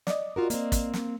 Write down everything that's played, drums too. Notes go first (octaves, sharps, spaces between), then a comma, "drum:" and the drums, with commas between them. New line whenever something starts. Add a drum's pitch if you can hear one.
D5 D#5, drum: snare
F4 F#4 A#4
A#3 C4, drum: hi-hat
drum: kick, hi-hat
drum: snare